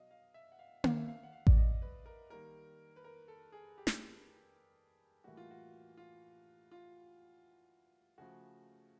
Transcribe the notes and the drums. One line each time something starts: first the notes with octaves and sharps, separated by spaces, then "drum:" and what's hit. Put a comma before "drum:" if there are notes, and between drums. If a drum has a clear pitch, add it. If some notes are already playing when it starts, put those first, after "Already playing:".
Already playing: B2 F#3 B3 D#5 F5
F5
E5
F#5
F5
F5, drum: tom A#3
E5
F5
F#5
F5
D5, drum: kick A1
D#5
B4
A#4
D#3 G3 A#3 A#4
B4
A#4
A4
G#4
G4
drum: snare
A2 E3 G3 A#3 F#4
F4
F#4
F4
F4
C#3 F3 A3 F#4